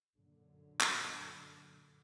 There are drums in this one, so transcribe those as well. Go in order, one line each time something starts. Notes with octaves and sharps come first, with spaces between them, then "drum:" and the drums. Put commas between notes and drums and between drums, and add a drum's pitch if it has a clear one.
F#2 A#2 D3 F#3
drum: clap